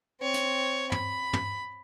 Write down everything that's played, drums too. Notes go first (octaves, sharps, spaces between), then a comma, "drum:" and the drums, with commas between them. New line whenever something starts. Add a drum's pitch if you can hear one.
C4 C#5
drum: hi-hat
B5, drum: tom
drum: tom